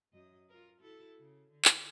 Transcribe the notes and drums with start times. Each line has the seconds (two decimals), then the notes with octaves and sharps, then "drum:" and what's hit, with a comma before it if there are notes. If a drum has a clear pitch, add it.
0.13 F#2 F#3 D#5
0.49 F4 A#4
0.81 E4 F#4 A4
1.19 C#3
1.51 D3
1.65 drum: clap